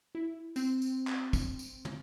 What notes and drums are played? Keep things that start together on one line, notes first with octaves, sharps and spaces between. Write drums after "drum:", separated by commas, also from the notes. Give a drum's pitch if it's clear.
E4
C4, drum: tambourine
drum: tambourine
drum: clap
drum: kick, tambourine
drum: tambourine
drum: tom